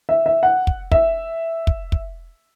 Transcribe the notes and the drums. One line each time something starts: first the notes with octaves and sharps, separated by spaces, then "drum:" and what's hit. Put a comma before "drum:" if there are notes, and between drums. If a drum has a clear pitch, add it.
E5
E5
F#5
drum: kick
E5, drum: kick
drum: kick
drum: kick